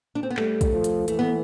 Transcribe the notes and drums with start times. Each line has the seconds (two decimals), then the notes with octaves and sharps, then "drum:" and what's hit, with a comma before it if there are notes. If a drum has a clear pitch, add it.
0.15 D4
0.23 C4
0.30 B3
0.37 G3 A3, drum: clap
0.61 drum: kick, hi-hat
0.72 F3
0.84 drum: hi-hat
1.08 E3 A3, drum: hi-hat
1.19 B3